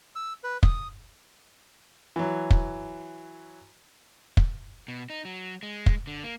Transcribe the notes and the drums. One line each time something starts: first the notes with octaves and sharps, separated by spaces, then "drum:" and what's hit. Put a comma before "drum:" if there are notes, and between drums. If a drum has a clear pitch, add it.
E6
B4
D#6, drum: kick
E3 F#3
drum: kick
drum: kick
B2
D#4
F#3
G#3
drum: kick
D3
A#3